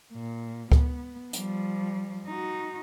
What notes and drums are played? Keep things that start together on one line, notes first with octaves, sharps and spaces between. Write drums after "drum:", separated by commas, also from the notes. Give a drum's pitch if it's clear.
A#2
B3, drum: kick C#2
F3 G3, drum: hi-hat
D#4 F#4